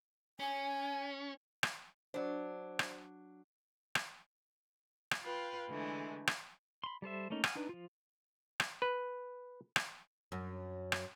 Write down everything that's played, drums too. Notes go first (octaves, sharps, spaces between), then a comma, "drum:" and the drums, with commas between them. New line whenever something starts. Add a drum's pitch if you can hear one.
C#4 G#5
drum: rim click
F#3 D4 C5 D5
drum: rim click
drum: rim click
drum: rim click
F4 B4 F5 G5
D3 E3 G#3 A3
drum: rim click
B5 C6
G3 A4 C5 E5
A3 A#3 C#4 D#4
F#5 G#5 D#6 F6, drum: rim click
D4 D#4 B4
F3 F4
drum: rim click
B4
drum: rim click
F#2
drum: rim click